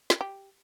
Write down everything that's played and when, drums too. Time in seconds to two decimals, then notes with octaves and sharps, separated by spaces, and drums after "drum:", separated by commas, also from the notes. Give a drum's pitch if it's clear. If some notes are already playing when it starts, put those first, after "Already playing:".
0.10 drum: snare
0.21 G4